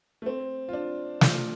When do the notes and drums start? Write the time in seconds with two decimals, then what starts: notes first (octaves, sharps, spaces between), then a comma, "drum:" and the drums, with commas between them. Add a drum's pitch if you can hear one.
0.22 A3
0.26 C4
0.69 F4
0.73 D4
1.21 F4, drum: snare